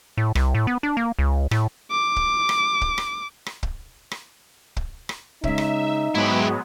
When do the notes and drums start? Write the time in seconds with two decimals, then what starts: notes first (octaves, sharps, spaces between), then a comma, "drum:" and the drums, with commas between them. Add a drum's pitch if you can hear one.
0.18 A2
0.35 C2, drum: rim click
0.55 A2
0.67 B3
0.83 D4
0.97 A#3
1.19 C#2
1.51 A2, drum: rim click
1.91 D6
2.16 drum: kick
2.49 drum: rim click
2.81 drum: kick
2.98 drum: rim click
3.46 drum: rim click
3.63 drum: kick
4.11 drum: rim click
4.77 drum: kick
5.09 drum: rim click
5.44 C#3 G#3 D#4 E5, drum: kick
5.58 drum: rim click
6.15 G#2 F#3 G#3 B3 E4 G4